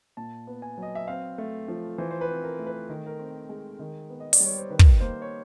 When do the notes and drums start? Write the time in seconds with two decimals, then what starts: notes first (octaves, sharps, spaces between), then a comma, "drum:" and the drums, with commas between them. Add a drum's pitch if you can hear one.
0.17 A#2 A5
0.47 B3
0.62 G#5
0.78 F#3 D#5
0.95 E5
1.08 C4 F5
1.38 A3
1.68 F3
1.98 E3 C5
2.11 C5
2.21 B4
2.29 C4
2.44 A#4
2.59 A3
2.67 B4
2.89 D#3 A#4
3.06 A#4
3.19 C4
3.49 G#3
3.79 D#3
4.10 B3
4.20 D#5
4.33 D5, drum: open hi-hat
4.40 G3
4.45 C#5
4.58 C5
4.70 D#3 B4
4.79 drum: kick
5.00 A#3 C5
5.22 C#5